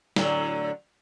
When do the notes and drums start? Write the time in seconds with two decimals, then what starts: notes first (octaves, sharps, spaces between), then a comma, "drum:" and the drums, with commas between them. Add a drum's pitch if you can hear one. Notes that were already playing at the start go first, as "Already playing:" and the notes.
0.16 A2 D3 F#3, drum: snare